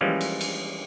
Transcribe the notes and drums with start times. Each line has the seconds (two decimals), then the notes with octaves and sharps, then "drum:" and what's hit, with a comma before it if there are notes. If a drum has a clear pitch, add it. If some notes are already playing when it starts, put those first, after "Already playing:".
0.01 E3 F3 G3 G#3 A#3 C#4
0.21 drum: cymbal
0.41 drum: cymbal